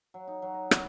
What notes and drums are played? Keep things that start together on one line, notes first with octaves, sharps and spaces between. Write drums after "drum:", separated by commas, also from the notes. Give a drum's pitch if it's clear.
F#3
D#4
F#3
D#5
E4, drum: rim click